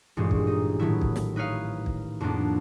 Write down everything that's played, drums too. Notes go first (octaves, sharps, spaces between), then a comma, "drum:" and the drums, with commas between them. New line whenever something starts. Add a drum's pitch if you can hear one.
A1 G2 A#2 G#3
drum: kick
D#4
A2 D#3 F#3 E4
drum: kick
drum: snare
D#4 B4 C#5 F5
drum: kick
F2 A2 A#3 B3 D4 F4